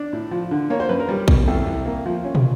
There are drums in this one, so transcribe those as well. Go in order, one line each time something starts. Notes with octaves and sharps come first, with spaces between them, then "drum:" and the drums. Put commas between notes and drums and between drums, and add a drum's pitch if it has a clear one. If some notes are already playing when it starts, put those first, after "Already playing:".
Already playing: D4
A2
F3
D3
A#3 C#5
C5
F#2 B4
A#4
G3
B2, drum: kick A#1
C2 A4
C2
A#3
F3
C#4
drum: tom